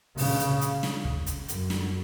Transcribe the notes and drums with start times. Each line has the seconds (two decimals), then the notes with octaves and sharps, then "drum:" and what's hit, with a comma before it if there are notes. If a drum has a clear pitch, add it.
0.18 C#3, drum: open hi-hat
0.39 drum: hi-hat
0.61 drum: hi-hat
0.83 drum: snare
1.05 drum: kick
1.26 drum: hi-hat
1.48 F#2, drum: hi-hat
1.70 drum: snare